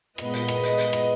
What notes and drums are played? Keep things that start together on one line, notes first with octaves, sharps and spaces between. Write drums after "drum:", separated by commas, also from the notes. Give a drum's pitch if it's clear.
A#2 G#3 B3 B4 D#5, drum: rim click
drum: hi-hat
drum: rim click
drum: hi-hat
drum: hi-hat
drum: rim click